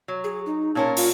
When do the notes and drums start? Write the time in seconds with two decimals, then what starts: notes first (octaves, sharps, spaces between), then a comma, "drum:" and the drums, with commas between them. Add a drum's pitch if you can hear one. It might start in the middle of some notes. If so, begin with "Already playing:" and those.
0.08 F#3
0.24 G#4
0.46 D#4
0.75 A#2 C#4 A#4 A5
0.97 F4, drum: open hi-hat